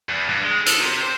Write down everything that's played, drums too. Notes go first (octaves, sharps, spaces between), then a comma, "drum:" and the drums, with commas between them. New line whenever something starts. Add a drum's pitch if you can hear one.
E2
G2
G#3
A4, drum: hi-hat
C3
C5